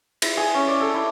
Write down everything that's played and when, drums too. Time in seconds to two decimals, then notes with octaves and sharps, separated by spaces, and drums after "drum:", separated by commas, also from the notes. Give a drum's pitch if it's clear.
0.22 E4, drum: cymbal
0.37 G#4
0.54 C#4
0.68 D5
0.81 A4
0.94 E4